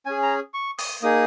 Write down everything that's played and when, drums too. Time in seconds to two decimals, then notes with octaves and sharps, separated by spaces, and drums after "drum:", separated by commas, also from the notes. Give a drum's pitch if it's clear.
0.06 C#4 G#4 G#5
0.23 A#5
0.54 C#6
0.78 D#6, drum: open hi-hat
1.02 A#3 D#4 G#4 D#6